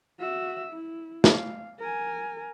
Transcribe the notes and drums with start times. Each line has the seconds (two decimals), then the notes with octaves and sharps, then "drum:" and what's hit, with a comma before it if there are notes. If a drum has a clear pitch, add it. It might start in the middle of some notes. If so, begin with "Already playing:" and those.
0.19 F#4 E5
0.73 E4
1.24 F5, drum: snare
1.79 A#4 G#5